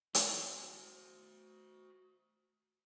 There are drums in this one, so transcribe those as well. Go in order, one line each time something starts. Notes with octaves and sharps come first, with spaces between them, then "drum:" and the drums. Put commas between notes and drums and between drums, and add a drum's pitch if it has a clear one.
F#4 C5, drum: hi-hat